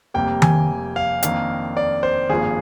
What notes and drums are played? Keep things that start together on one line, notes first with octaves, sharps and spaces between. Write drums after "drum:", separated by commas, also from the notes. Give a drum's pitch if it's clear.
F1 F2 C3 G3 A#3 G5
G#5, drum: tom D#3
F5
F2 D#3 A#3 D4 F5, drum: hi-hat
D5
C5
G#1 G2 F3 A#3 G#4